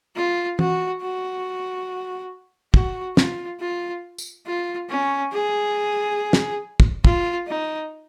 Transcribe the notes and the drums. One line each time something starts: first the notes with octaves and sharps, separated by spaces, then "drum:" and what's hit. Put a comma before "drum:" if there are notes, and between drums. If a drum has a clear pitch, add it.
F4
F#4, drum: tom E3
F#4
F#4, drum: kick
F4, drum: snare
F4
drum: tambourine
F4
C#4
G#4
drum: snare
drum: kick
F4, drum: kick
D#4